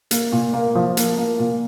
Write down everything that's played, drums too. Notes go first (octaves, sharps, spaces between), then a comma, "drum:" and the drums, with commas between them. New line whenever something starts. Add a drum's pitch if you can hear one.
A#3, drum: hi-hat
A#2
A#3
F3
A#3, drum: hi-hat
A#3
A#2